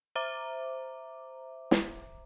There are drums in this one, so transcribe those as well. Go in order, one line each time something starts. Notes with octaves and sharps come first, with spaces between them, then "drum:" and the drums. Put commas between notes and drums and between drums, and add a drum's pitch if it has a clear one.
C5 E5 A#5 D6
drum: snare